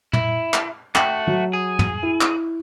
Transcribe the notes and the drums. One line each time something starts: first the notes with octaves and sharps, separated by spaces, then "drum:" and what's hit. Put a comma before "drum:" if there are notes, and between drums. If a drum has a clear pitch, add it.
E4, drum: tom
drum: clap
A3 F#4 G5, drum: clap
F#3
G#4
drum: tom
E4
drum: clap